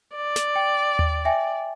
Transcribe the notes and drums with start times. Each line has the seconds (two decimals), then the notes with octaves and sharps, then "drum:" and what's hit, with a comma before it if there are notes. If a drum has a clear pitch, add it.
0.15 D5
0.36 drum: snare
0.56 G5
0.99 drum: tom D#2
1.25 E5 G5 G#5